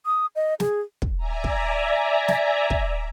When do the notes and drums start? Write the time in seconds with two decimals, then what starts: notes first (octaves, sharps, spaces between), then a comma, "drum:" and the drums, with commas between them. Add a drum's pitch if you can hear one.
0.06 D#6
0.36 D#5
0.60 G#4, drum: snare
1.02 drum: kick
1.17 D5 E5 G#5 A#5
1.44 drum: kick
2.28 drum: snare
2.70 drum: kick